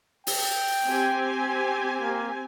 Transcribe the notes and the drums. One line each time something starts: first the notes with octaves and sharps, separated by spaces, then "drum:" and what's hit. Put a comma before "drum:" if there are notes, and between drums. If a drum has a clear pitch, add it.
G5, drum: open hi-hat
C4 G4 G#5
A#3